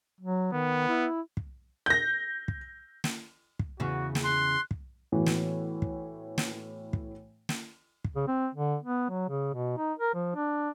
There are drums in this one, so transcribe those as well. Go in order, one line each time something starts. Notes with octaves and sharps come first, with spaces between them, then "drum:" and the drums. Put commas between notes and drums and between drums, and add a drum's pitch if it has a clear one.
F#3
D#3 B3
E4
drum: kick
G6 A#6
drum: kick
drum: snare
drum: kick
E2 C#3 F#4
drum: snare
C6 F#6
drum: kick
A2 E3 B3 F#4
drum: snare
drum: kick
drum: snare
drum: kick
drum: snare
drum: kick
C#3
C4
D3
B3
F#3
C#3
B2
D#4
A#4
F3
D4